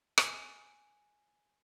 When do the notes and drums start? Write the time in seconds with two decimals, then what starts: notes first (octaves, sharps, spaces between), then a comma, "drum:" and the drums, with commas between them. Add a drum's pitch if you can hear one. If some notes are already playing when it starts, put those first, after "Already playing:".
0.18 G#5 F#6 D7, drum: rim click